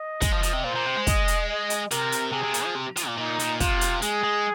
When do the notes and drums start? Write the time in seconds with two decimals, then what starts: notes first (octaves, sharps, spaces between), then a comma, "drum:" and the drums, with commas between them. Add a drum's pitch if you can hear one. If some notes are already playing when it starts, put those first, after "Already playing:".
Already playing: D#5
0.22 G#3, drum: kick, hi-hat
0.32 F3
0.43 F3, drum: hi-hat
0.53 C3
0.64 A#2 C5
0.75 A#2
0.86 C3
0.96 G#3
1.07 D#5, drum: kick, hi-hat
1.28 drum: hi-hat
1.49 D#5
1.70 drum: hi-hat
1.91 C3 A#4, drum: hi-hat
2.12 drum: hi-hat
2.33 C3 G#4
2.44 C3
2.54 A#2, drum: hi-hat
2.65 F3
2.75 C3
2.97 F3, drum: hi-hat
3.07 A#2
3.18 A#2 D#4
3.39 A#2, drum: hi-hat
3.60 C3 F4, drum: kick, hi-hat
3.81 drum: hi-hat
4.02 G#3 G#4, drum: hi-hat
4.24 G#3